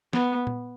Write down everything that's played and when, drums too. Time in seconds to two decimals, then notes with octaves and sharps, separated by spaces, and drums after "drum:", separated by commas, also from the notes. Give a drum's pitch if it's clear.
0.13 B3, drum: snare
0.47 drum: tom A#2